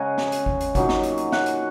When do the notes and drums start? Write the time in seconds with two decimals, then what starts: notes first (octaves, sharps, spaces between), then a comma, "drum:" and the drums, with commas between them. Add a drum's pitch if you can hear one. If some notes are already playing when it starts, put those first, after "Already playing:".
Already playing: C#3 G#3 C#4 F#5 G#5 A#5
0.18 drum: snare
0.32 drum: hi-hat
0.46 drum: kick G#1
0.61 drum: hi-hat
0.75 A#2 F#3 D#4, drum: kick G#1, hi-hat
0.89 drum: snare
1.03 drum: hi-hat
1.18 drum: hi-hat
1.32 F#5, drum: snare
1.46 drum: hi-hat